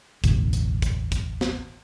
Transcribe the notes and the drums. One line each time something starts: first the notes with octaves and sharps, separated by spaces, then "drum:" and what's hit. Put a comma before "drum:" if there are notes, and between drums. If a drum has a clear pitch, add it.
E1 A1 D2, drum: kick, hi-hat
drum: hi-hat
drum: kick, hi-hat
drum: kick, hi-hat
drum: snare